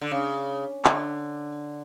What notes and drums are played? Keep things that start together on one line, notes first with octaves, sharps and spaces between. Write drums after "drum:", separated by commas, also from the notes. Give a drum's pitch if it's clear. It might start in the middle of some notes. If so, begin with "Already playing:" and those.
D3
C#3
D3, drum: clap